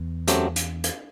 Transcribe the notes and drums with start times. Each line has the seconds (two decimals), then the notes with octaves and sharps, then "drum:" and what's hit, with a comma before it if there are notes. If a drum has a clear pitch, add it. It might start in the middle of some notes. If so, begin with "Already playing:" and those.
Already playing: E2
0.28 F#2 F#3 A3 C4 G4, drum: hi-hat
0.56 drum: hi-hat
0.84 drum: hi-hat